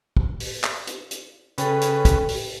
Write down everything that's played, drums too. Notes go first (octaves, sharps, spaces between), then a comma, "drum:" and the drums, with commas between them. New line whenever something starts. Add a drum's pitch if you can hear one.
drum: kick
drum: open hi-hat
drum: clap
drum: hi-hat
drum: hi-hat
C#3 A4 B4 G5, drum: hi-hat
drum: hi-hat
drum: kick, hi-hat
drum: open hi-hat